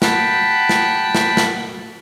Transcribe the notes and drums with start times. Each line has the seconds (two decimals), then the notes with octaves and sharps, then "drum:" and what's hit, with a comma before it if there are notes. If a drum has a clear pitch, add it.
0.02 F#5 G5 A5 B5, drum: snare
0.69 drum: snare
1.15 drum: snare
1.37 drum: snare